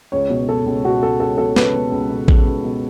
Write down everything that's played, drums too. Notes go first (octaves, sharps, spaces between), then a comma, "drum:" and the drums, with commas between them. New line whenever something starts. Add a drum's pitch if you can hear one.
C#2 C#5
B2
B2 A4
C#2
B2 F#4
C#2 A4
C#2 A4
B2 A4
C#2 B4, drum: snare
B2
C#2
B2
C#2, drum: kick A1
C#2
B2